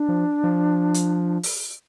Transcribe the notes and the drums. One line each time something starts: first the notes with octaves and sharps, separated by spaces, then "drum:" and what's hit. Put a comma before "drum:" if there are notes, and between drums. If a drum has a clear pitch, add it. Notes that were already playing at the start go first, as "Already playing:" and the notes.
Already playing: D4
F3
F3
drum: hi-hat
drum: open hi-hat